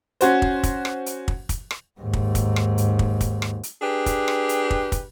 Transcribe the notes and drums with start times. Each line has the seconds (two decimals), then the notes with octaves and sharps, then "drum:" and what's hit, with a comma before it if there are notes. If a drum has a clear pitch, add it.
0.21 C#4 F#4 C5, drum: hi-hat
0.42 drum: kick
0.63 drum: kick, hi-hat
0.85 drum: rim click
1.06 drum: hi-hat
1.28 drum: kick
1.49 drum: kick, hi-hat
1.71 drum: rim click
2.00 D#2 G#2
2.13 drum: kick
2.35 drum: kick, hi-hat
2.56 drum: rim click
2.78 drum: hi-hat
2.99 drum: kick
3.21 drum: kick, hi-hat
3.42 drum: rim click
3.63 drum: hi-hat
3.81 D4 G4 G#4 B4
4.06 drum: kick, hi-hat
4.28 drum: rim click
4.49 drum: hi-hat
4.71 drum: kick
4.92 drum: kick, hi-hat